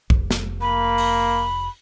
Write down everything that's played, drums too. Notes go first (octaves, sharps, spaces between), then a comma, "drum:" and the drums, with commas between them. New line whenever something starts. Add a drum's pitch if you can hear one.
F1, drum: kick B1
drum: snare
A#3 B5
drum: open hi-hat